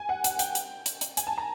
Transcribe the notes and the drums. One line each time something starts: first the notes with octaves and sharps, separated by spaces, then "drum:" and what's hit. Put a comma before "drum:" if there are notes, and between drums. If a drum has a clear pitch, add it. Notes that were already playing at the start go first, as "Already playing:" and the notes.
Already playing: G#5
F#5
F#5, drum: hi-hat
G5, drum: hi-hat
drum: hi-hat
drum: hi-hat
drum: hi-hat
G#5, drum: hi-hat
A5
A#5